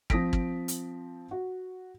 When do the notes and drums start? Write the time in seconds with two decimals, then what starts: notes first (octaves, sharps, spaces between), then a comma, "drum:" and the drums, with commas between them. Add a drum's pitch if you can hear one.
0.10 F3 C4 D#6 A#6 B6 D7, drum: kick
0.33 drum: kick
0.68 drum: hi-hat
1.31 F#4